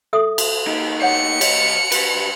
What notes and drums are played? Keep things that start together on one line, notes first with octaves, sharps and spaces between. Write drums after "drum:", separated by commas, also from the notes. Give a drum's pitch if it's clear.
A4 E5 D#6
drum: cymbal
D#4 G4
C#5 F#5 C#7
G4 C#5 D#5, drum: cymbal
G4 B4, drum: cymbal